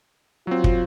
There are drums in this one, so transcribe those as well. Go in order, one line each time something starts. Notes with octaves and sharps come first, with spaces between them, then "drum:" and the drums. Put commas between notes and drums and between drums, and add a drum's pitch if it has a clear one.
F#3 C4 F4
drum: kick